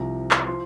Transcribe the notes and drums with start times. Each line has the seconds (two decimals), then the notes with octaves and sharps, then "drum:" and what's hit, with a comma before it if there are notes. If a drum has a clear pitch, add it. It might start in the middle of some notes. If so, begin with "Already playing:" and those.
Already playing: C2 C3 F3 A#5
0.31 drum: clap
0.47 F3 C6